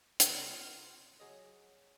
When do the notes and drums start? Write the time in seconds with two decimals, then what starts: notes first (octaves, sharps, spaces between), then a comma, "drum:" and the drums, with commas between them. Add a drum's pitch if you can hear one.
0.20 C2 A#4 D#5 A5, drum: hi-hat
0.50 F4
1.20 F#3 G#4 C#5 D#5